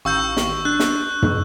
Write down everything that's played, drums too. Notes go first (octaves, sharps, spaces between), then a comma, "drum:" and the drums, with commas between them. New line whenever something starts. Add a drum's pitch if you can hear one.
A1 D#3 F5 C#6 E6 G6
drum: snare
D4 F#6
drum: snare
drum: tom